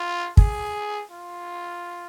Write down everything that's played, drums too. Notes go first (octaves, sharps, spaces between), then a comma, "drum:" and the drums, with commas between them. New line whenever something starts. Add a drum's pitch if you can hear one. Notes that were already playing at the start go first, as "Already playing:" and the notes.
Already playing: F4
G#4, drum: kick
F4